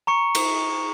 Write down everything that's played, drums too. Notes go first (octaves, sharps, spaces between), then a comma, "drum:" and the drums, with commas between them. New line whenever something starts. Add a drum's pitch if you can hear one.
A#5 C#6 C#7
drum: cymbal